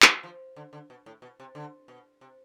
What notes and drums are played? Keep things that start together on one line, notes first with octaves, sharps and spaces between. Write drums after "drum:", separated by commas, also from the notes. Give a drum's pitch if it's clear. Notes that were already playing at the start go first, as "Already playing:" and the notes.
drum: clap
F3
D3
D3
B2
A2
B2
C3
D3
B2
C3